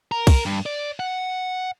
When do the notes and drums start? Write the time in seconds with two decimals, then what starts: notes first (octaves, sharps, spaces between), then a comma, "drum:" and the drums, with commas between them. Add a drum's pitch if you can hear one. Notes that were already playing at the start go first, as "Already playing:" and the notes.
0.12 A#4
0.27 drum: kick, cymbal
0.46 G2
0.66 D5
1.00 F#5